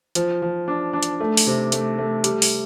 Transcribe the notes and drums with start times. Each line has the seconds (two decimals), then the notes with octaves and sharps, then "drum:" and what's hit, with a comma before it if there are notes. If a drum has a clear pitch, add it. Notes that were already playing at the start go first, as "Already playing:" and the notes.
0.15 F3, drum: hi-hat
0.42 F3
0.68 D4
0.93 D4
1.03 drum: hi-hat
1.20 A3
1.37 drum: open hi-hat
1.47 C3
1.72 A3, drum: hi-hat
1.98 A3
2.24 G3, drum: hi-hat
2.42 drum: open hi-hat